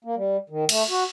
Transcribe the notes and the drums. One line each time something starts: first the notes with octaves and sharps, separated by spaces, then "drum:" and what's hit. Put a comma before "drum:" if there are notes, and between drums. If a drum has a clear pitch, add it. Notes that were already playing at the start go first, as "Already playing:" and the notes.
A#3
G3
D#3
A3, drum: cymbal
F#4